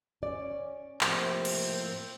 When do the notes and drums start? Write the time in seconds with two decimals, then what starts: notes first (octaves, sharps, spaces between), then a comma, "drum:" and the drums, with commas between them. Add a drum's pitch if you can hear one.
0.23 C#4 D5
1.01 A2 C3 F3 A#3 C4 C5, drum: clap
1.45 drum: cymbal